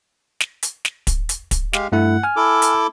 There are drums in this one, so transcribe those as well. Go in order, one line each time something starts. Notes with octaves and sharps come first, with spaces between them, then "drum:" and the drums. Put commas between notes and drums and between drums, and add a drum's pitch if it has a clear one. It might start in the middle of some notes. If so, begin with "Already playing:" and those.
drum: snare
drum: hi-hat
drum: snare
drum: kick, hi-hat
drum: hi-hat
drum: kick, hi-hat
G#3 G4 F5, drum: snare
G2 A3 E4 F#5
G#5 F6
E4 A4 D6
drum: hi-hat